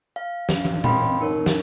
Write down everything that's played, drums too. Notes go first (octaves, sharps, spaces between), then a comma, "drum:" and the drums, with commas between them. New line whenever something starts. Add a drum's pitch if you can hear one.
F5
drum: snare
drum: tom
C4 D#5 F5 G5 B5 C6, drum: tom A#2
D#4 A#4 C#5
drum: snare